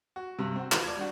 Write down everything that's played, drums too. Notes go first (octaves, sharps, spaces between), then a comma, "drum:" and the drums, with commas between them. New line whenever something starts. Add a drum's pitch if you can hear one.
F#4
G2 C3
C4 F#4
E3 F4 F#4, drum: clap
D5 A5 G#6
G3 D4 F#4